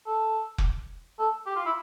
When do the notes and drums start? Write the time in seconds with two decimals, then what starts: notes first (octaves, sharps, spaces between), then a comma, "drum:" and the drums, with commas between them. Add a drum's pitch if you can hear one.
0.06 A4
0.58 drum: kick F1
1.19 A4
1.46 G4
1.56 F4
1.66 E4